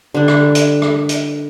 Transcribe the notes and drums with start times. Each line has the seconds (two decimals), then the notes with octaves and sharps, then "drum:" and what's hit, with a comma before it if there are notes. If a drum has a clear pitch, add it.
0.14 D3 G3 D4
0.28 drum: rim click
0.55 drum: hi-hat
0.82 drum: rim click
1.09 drum: hi-hat